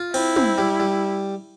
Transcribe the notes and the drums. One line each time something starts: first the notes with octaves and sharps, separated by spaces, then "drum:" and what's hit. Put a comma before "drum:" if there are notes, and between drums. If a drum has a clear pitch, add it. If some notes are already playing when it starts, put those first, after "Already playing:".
Already playing: F4
C4 E4, drum: cymbal
C4, drum: tom
G3
G3